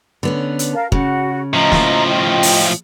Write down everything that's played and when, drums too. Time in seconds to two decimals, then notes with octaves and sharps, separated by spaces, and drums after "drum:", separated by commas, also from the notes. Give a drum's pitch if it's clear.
0.23 D3 B3 C#4
0.59 drum: hi-hat
0.73 A#4 F5 A5
0.92 C#3 F#4, drum: kick
1.53 A2 F3 D#5 A#5
1.72 drum: snare
2.08 F4 D#5 G5
2.43 drum: open hi-hat